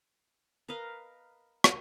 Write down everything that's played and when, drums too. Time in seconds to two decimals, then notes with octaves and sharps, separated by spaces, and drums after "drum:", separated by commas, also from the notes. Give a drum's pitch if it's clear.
0.68 A#4 B4 D#5 F5
1.64 drum: rim click